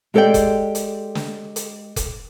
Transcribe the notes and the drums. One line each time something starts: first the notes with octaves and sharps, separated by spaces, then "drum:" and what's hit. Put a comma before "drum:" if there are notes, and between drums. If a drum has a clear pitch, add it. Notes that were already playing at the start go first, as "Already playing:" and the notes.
G#3 G4 A4 C#5 D5 G5
drum: kick F1, hi-hat
drum: hi-hat
drum: snare
drum: hi-hat
drum: kick F1, hi-hat